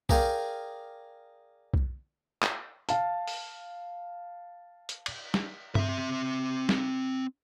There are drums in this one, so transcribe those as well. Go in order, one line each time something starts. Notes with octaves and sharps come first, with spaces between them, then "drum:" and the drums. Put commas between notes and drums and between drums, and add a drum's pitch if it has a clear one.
G#4 A#4 D5 F5 G5 G#5, drum: kick
drum: kick
drum: clap
F5 A5, drum: hi-hat
drum: open hi-hat
drum: hi-hat
drum: cymbal
drum: snare
C4 E5, drum: tom G2
drum: snare